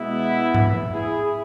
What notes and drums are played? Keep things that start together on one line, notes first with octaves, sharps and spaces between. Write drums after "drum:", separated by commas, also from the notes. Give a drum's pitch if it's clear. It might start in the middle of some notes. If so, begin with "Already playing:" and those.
Already playing: B2 G#3 B3 E4
drum: tom G#2
E4 G#4